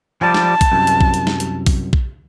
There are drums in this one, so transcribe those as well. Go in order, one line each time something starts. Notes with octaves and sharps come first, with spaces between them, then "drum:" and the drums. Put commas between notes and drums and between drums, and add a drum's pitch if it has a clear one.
F3 G3 D5 A5
drum: snare
drum: kick A#1, hi-hat
C2 F#2
drum: hi-hat
drum: kick A#1
drum: hi-hat
drum: snare
drum: hi-hat
drum: kick A#1, open hi-hat
drum: kick A#1